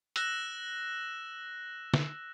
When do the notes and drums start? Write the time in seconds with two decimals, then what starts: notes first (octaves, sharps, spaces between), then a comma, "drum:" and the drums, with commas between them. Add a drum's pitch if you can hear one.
0.16 E6 F#6 A#6 E7, drum: hi-hat
1.94 drum: snare D3